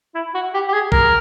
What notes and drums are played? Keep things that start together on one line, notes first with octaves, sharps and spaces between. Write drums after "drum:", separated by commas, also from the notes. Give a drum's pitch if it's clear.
E4
F#4
G4
G4
G#4
A#4, drum: kick